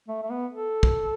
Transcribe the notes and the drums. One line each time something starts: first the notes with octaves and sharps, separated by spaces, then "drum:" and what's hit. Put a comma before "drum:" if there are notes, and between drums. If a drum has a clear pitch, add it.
A3
A3
B3
A4
drum: kick